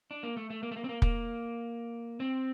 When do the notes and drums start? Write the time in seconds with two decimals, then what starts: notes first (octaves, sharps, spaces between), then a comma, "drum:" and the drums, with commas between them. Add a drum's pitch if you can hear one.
0.11 D4
0.23 A#3
0.37 A3
0.50 A3
0.63 A#3
0.71 A3
0.76 A#3
0.84 C4
0.89 A#3
1.02 A#3, drum: kick
2.20 C4